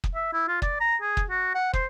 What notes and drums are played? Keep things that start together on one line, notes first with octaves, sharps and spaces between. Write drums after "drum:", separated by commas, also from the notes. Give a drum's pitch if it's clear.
drum: kick
E5
E4
F4
D5, drum: kick
A#5
G#4
drum: kick
F#4
F#5
C5, drum: kick